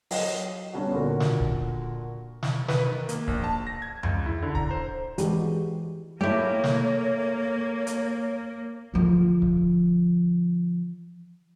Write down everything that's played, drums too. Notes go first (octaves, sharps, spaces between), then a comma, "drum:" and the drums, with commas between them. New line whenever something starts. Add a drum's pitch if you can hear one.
F#3 D#5 F5, drum: open hi-hat
G3 B3 C#4 D4 F#4
A#2 D3 F#4 A#4
drum: snare
drum: kick C#1
drum: snare
B4, drum: snare
D#3
A#3, drum: hi-hat
A#1, drum: kick C#1
A5
A#6
G#6
C#2, drum: tom F2
E4
D3
A#5, drum: kick C#1
C5
E3 G#3 F#4 G4, drum: hi-hat
A3 A#3 E4 G4 C#5
drum: snare
drum: hi-hat
D3 F3
drum: kick C#1